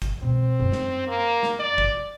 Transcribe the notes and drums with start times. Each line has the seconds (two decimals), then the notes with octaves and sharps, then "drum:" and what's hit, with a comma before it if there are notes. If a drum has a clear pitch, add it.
0.02 drum: kick, hi-hat
0.22 B2 G#3 C4
0.60 F#2
0.72 drum: snare
1.08 A#3
1.43 drum: snare
1.59 D5
1.78 drum: kick